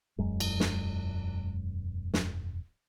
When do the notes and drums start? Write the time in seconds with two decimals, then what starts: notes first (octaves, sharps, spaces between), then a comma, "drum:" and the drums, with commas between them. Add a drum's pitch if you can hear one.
0.18 E1 F#2 F#3 G#3
0.40 drum: cymbal
0.60 drum: snare
2.14 drum: snare